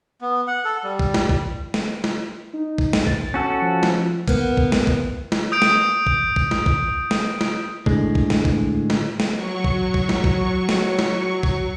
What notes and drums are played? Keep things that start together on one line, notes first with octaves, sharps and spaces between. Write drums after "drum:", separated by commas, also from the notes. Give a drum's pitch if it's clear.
B3
F#5
A4
G3
drum: kick
drum: snare
drum: kick
drum: snare
drum: snare
D#4
drum: kick
drum: snare
A6, drum: kick
C#4 F#4 A4
F3
drum: snare
A#3 B3, drum: kick
drum: kick
drum: snare
drum: kick
drum: snare
D#6 G6 D7
drum: snare
drum: kick
drum: kick
drum: snare
drum: kick
drum: snare
drum: snare
A2 D3 G#3, drum: kick
drum: kick
drum: snare
drum: kick
drum: snare
drum: snare
F#3 C#6
drum: kick
drum: kick
drum: snare
drum: kick
drum: snare
drum: snare
drum: kick